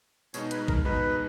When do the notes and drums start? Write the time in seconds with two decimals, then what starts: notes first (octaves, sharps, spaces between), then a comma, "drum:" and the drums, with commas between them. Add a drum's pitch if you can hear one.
0.34 B2 G#3 D#4 C#5, drum: tambourine
0.51 B4, drum: hi-hat
0.68 A#4, drum: kick A#1
0.85 B2 G#3 D#4 B4